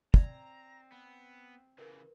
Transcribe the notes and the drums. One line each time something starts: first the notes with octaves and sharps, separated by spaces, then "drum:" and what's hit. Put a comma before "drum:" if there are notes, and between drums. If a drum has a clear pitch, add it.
C4 D5 A#5, drum: kick
B3
C#3 E3 A#4 B4